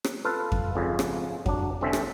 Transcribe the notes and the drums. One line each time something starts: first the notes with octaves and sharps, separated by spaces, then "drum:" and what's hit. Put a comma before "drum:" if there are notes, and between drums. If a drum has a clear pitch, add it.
drum: rim click
F4 A4 B4 F5
drum: kick F2
G#1 F2 C#3
drum: rim click
F#3 D4, drum: kick F2
C2 D3 C4 C#4 E5
drum: rim click